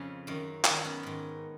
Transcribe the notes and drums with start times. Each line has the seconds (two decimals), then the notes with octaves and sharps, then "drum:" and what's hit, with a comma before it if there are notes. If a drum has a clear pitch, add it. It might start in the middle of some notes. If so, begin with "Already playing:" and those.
Already playing: F2 C#3 C#4
0.27 F#2 D#3
0.65 F#2 C#4, drum: clap
0.71 D#3
0.85 B3
1.03 G#2 D#3